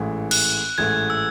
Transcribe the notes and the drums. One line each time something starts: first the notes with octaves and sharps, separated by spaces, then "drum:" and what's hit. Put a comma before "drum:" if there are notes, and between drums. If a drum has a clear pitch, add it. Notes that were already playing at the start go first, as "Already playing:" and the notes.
Already playing: A1 G#2 E3 A3
F#6, drum: cymbal
A1 G#2 E3 A3 G#6
E6